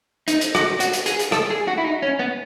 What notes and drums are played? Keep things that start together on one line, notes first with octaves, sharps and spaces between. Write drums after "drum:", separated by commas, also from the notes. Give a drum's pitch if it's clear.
D#4, drum: hi-hat
drum: hi-hat
F#4, drum: rim click
F#4, drum: hi-hat
drum: hi-hat
G#4, drum: hi-hat
drum: hi-hat
A4, drum: rim click
G#4
F#4
E4
D#4
C#4
B3